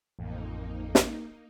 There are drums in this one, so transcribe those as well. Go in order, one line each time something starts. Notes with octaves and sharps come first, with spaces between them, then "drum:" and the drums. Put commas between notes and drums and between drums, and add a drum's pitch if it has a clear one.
A1 F2 A#3 D#4
drum: snare